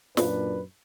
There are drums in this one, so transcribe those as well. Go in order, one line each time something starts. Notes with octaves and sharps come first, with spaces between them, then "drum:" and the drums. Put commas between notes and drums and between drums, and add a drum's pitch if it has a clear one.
F#2 A#2 F#3 D4 B4, drum: snare